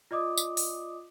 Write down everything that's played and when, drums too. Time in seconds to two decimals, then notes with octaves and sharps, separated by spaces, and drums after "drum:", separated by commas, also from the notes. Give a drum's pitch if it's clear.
0.11 F4 D5 D#5 D6 D#6
0.37 drum: tambourine
0.57 drum: open hi-hat